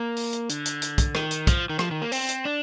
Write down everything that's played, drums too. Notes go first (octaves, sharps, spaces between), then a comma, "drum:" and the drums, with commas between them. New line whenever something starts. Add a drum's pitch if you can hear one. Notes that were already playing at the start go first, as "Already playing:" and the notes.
Already playing: A#3
drum: open hi-hat
drum: hi-hat
D3, drum: hi-hat
drum: hi-hat
drum: hi-hat
drum: kick, hi-hat
D#3, drum: rim click
drum: hi-hat
F3, drum: kick, hi-hat
D#3
F3, drum: rim click
D#3
A#3
C4, drum: open hi-hat
drum: hi-hat
D4